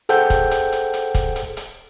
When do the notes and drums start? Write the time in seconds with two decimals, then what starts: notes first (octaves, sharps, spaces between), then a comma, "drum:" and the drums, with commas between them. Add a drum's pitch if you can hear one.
0.09 G#4 A4 C5 F#5 G5 G6, drum: hi-hat
0.30 drum: kick, hi-hat
0.51 drum: hi-hat
0.72 drum: hi-hat
0.93 drum: hi-hat
1.15 drum: kick, hi-hat
1.36 drum: hi-hat
1.57 drum: hi-hat